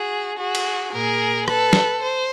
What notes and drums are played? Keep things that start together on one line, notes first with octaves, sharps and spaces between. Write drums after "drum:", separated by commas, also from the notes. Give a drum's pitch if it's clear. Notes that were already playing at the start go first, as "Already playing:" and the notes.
Already playing: F#4 G#4
F#4 G#4
drum: cymbal
A#2 G#4 A#4
A4 B4, drum: rim click
drum: snare
C5